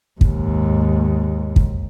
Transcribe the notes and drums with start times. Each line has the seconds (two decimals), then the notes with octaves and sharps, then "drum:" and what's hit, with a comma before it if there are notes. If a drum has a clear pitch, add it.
0.21 D#2 G#2, drum: kick
1.56 drum: kick